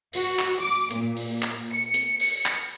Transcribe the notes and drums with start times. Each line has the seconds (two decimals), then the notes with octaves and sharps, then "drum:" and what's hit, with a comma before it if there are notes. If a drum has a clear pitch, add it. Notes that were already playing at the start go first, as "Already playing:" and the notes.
0.13 F#4, drum: open hi-hat
0.39 drum: clap
0.59 D6
0.91 A#2, drum: hi-hat
1.17 drum: open hi-hat
1.42 drum: clap
1.73 C#7
1.94 drum: hi-hat
2.20 drum: open hi-hat
2.46 drum: clap